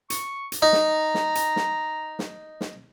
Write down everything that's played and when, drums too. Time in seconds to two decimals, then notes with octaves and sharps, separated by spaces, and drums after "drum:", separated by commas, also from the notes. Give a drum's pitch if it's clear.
0.10 C#6, drum: hi-hat
0.52 drum: hi-hat
0.62 D#4 A#5
0.73 drum: snare
1.14 drum: snare
1.35 drum: hi-hat
1.56 drum: snare
2.19 drum: snare
2.61 drum: snare